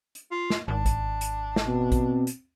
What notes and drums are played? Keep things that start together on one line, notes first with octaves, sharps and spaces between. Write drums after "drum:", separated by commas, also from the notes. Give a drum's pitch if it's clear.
drum: hi-hat
F4
drum: snare
G#1 D4
drum: kick, hi-hat
drum: hi-hat
drum: snare
B2 C4
drum: kick, hi-hat
drum: hi-hat